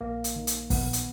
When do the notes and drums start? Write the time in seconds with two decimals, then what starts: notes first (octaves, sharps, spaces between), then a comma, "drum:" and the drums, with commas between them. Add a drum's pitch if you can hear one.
0.01 A#1 A#3
0.24 drum: hi-hat
0.36 D#3
0.47 drum: hi-hat
0.70 A#1 B3, drum: kick, open hi-hat
0.93 drum: hi-hat